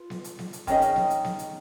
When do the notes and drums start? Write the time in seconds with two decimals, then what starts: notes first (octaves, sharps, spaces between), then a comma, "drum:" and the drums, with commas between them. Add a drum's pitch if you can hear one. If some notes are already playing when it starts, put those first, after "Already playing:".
Already playing: F4 B4
0.10 drum: snare B3
0.24 drum: hi-hat
0.39 drum: snare B3
0.53 drum: hi-hat
0.67 D#3 G#3 C#4 G#4 D#5, drum: kick, hi-hat
0.82 drum: hi-hat
0.96 drum: snare B3
1.10 drum: hi-hat
1.25 drum: snare B3
1.39 drum: hi-hat